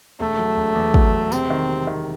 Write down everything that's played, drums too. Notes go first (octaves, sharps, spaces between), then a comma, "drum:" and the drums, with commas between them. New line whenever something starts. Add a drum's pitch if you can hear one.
E1 A3
F#3
E1
E2
F#3, drum: kick
E1
C3 C4, drum: tambourine
D#3
C3
D#3